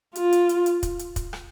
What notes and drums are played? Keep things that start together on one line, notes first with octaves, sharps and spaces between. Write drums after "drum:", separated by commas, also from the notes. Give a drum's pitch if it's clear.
F4, drum: hi-hat
drum: hi-hat
drum: hi-hat
drum: hi-hat
drum: kick, hi-hat
drum: hi-hat
drum: kick, hi-hat
drum: rim click